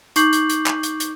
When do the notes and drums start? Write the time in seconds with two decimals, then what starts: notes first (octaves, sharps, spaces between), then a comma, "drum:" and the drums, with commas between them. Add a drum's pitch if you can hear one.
0.16 D#4 C#6 D6 G6 C7 F#7, drum: hi-hat
0.33 drum: hi-hat
0.50 drum: hi-hat
0.66 drum: clap
0.83 drum: hi-hat
1.00 drum: hi-hat